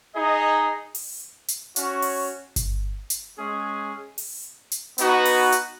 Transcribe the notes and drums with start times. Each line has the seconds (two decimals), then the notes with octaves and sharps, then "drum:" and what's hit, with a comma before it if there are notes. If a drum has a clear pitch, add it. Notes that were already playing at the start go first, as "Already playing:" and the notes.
0.14 D#4 G#4 D#5
0.95 drum: open hi-hat
1.48 drum: hi-hat
1.76 C#4 F#4 C#5, drum: hi-hat
2.02 drum: open hi-hat
2.56 drum: kick G1, hi-hat
3.10 drum: hi-hat
3.37 G#3 C#4 G#4
4.18 drum: open hi-hat
4.72 drum: hi-hat
4.98 B3 D#4 F#4 B4, drum: hi-hat
5.25 drum: open hi-hat
5.52 drum: hi-hat